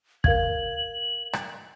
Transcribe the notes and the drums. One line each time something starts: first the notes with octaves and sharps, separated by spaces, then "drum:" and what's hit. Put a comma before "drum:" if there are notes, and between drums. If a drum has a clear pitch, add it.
A#4 F5 G#6 F#7, drum: kick
drum: rim click